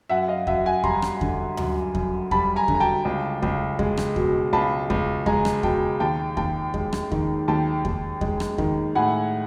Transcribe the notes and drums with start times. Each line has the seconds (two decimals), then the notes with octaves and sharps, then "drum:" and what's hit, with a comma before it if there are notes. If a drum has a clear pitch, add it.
0.10 F#2 E5 F#5
0.28 D#5 F5
0.47 F#2 E5 F#5, drum: kick E2
0.65 F#5 G#5
0.84 G3 A#5 C6, drum: kick E2
1.02 drum: rim click
1.21 D3, drum: kick E2
1.57 F#2, drum: tom D2
1.95 F#2, drum: kick E2
2.31 G3 A5 B5, drum: kick E2
2.56 G#5 A#5
2.68 D3, drum: kick E2
2.75 A#5
2.80 G5 A5
3.05 C#2
3.42 C#2, drum: kick E2
3.79 G#3, drum: kick E2
3.97 drum: rim click
4.16 B2, drum: kick E2
4.53 C#2 A5 B5
4.90 C#2, drum: kick E2
5.26 G#3 G#5 A#5, drum: kick E2
5.45 drum: rim click
5.63 B2 G5 A5, drum: kick E2
6.00 D#2 G5 A5
6.37 D#2 G5 A5, drum: kick E2
6.74 G#3, drum: kick E2
6.93 drum: rim click
7.12 D#3, drum: kick E2
7.48 D#2 G5 A5
7.85 D#2, drum: kick E2
8.21 G#3, drum: kick E2
8.40 drum: rim click
8.58 D#3, drum: kick E2
8.95 A2 F#5 G#5